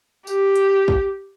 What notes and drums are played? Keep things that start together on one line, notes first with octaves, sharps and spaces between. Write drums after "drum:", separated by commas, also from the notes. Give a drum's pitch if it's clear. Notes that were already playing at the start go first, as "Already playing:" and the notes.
G4, drum: tambourine
drum: hi-hat
drum: kick